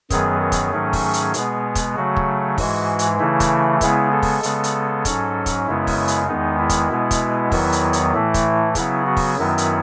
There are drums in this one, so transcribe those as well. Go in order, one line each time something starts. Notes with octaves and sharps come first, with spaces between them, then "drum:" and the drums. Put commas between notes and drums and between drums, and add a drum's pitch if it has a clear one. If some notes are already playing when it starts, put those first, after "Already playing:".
F#2 D#3 F#3 B3 G#4, drum: kick, hi-hat
G#4
drum: kick, hi-hat
G#2 D#3 F#3 A3 C#4
drum: kick, open hi-hat
drum: hi-hat
B2 G#3 B3, drum: hi-hat
drum: kick, hi-hat
C#3 F#3 A3 F#4
drum: kick
G#2 E3 G#3, drum: kick, open hi-hat
drum: hi-hat
C#3 E3 A3 E4
drum: kick, hi-hat
C#3 G#3 B3 E4, drum: kick, hi-hat
A4
drum: kick, open hi-hat
C#3 G#3 B3, drum: hi-hat
drum: hi-hat
G#2 F#3 C#4, drum: kick, hi-hat
drum: kick, hi-hat
F#2 C#3 G#3 B3 E4
drum: kick, open hi-hat
drum: hi-hat
E2 D#3 G#3 B3 D#4
E4
drum: kick, hi-hat
B2 G#3 B3
drum: kick, hi-hat
E2 D#3 F#3 B3, drum: kick, open hi-hat
drum: hi-hat
drum: hi-hat
A2 E3 A3 E4
drum: kick, hi-hat
C#3 F#3 B3 E4, drum: kick, hi-hat
F#4
drum: kick, open hi-hat
F#2 D#3 F#3 B3 E4
drum: hi-hat